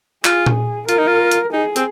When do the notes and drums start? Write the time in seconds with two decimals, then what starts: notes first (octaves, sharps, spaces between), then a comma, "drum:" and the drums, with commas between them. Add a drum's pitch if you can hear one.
0.25 F4 G#4, drum: clap
0.46 drum: tom A#2
0.89 F4 A#4, drum: hi-hat
0.98 D#4
1.07 F4
1.31 drum: hi-hat
1.53 D#4 G#4
1.76 C4, drum: hi-hat